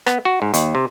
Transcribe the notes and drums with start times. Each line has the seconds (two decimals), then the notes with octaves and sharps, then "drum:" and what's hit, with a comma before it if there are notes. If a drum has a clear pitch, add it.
0.06 B3, drum: rim click
0.25 F#4
0.42 G#2
0.54 D#2, drum: hi-hat
0.75 C3